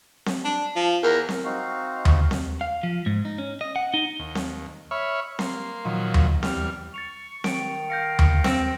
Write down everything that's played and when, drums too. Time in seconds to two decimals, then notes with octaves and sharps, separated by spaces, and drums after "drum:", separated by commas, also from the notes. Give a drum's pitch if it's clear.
0.26 drum: snare C4
0.45 D4
0.76 F3
1.03 E2 A#4
1.29 drum: snare C4
1.45 C4 D#4 F#4 F5
2.05 drum: tom D#2
2.31 drum: snare C4
2.61 F5
2.83 F3
3.06 G#2
3.25 D#4
3.38 C#4
3.61 D#5
3.76 F#5
3.94 D#4
4.19 D#2
4.35 drum: snare C4
4.91 C#5 E5 B5 C#6 F6
5.39 A#3 C6, drum: snare C4
5.85 A#2 D#3 F3 F#3
6.14 drum: tom D#2
6.43 E2 G3 F6, drum: snare C4
6.94 C#6 A6 C#7 F7
7.44 D#3 D7, drum: snare C4
7.90 F5 G6 A#6 C#7
8.19 drum: tom D#2
8.44 C4 E6, drum: snare C4